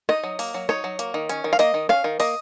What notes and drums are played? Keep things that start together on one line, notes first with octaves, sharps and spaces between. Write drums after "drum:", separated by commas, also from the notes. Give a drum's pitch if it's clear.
D#4 D#5, drum: rim click
F#3
A#3, drum: open hi-hat
F#3
D#4 C#5, drum: rim click
F#3
A#3, drum: hi-hat
D#3
C#4, drum: hi-hat
D#3
F5
A#3 D#5, drum: hi-hat
D#3
C#4 F5, drum: rim click
D#3
A#3 D#5, drum: open hi-hat